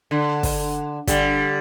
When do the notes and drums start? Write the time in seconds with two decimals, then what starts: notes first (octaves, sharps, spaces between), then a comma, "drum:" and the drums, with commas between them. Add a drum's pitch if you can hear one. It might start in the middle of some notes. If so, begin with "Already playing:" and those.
0.11 D3
0.43 drum: kick, open hi-hat
1.07 D3 G3, drum: kick, hi-hat